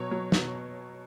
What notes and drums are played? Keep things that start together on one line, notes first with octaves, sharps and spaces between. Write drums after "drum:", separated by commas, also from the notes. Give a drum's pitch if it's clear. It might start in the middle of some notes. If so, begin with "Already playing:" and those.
Already playing: B2 F#3 C#5
F#3
B2, drum: snare